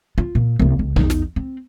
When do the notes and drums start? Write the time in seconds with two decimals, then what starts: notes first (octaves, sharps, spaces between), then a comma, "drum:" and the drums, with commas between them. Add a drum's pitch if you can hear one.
0.18 F4
0.35 A#2
0.60 C2 A#3
0.79 C#2
0.96 E2 D#4, drum: tom A#1
1.10 drum: snare
1.36 C4